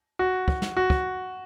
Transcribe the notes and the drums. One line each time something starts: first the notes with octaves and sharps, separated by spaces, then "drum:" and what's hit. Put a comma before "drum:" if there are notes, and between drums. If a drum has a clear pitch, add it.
F#4
drum: kick
drum: snare
F#4
drum: kick